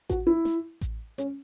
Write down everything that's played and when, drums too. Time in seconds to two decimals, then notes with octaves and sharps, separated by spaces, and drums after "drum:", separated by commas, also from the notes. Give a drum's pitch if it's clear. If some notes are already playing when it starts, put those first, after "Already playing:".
0.09 F#4, drum: kick A1, hi-hat
0.27 E4
0.45 drum: snare
0.81 drum: kick A1, hi-hat
1.18 C#4, drum: hi-hat